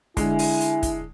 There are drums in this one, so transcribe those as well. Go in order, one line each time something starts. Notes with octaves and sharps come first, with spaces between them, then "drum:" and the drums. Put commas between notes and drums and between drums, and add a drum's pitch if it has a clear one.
D3 G#3 E4 G#5, drum: kick, hi-hat
drum: open hi-hat
drum: hi-hat
drum: kick, hi-hat